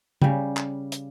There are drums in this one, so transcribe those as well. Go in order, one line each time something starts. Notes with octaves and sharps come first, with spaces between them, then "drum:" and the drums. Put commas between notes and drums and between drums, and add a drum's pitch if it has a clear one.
C#3 G3, drum: tom C#3
drum: clap
drum: hi-hat